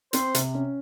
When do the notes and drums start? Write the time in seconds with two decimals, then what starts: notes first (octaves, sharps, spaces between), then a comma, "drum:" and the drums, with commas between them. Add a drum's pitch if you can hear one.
0.13 C4 C5, drum: hi-hat
0.35 C3, drum: hi-hat
0.55 C#4